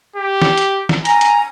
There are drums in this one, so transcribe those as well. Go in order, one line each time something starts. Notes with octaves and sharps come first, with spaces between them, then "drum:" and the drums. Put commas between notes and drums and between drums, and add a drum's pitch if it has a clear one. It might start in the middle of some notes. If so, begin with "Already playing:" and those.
G4
drum: snare
drum: hi-hat
drum: snare
G#5 A#5, drum: hi-hat
drum: hi-hat